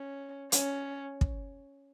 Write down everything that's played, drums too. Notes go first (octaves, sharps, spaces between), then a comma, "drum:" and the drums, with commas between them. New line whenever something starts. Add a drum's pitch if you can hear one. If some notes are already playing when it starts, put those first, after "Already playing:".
Already playing: C#4
C#4, drum: hi-hat
drum: kick